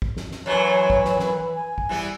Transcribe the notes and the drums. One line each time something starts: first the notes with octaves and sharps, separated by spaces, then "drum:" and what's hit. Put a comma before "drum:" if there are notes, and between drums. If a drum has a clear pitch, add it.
drum: kick
drum: snare
drum: snare
F#2 E3 F#3 C#5
drum: kick
drum: snare
drum: snare
G#5
drum: kick
E3 G3 B3